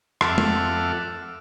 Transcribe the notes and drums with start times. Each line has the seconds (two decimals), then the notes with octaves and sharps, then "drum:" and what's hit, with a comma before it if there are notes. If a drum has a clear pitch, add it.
0.21 F2 A4 E5 F#5 D6 F6, drum: rim click
0.38 drum: tom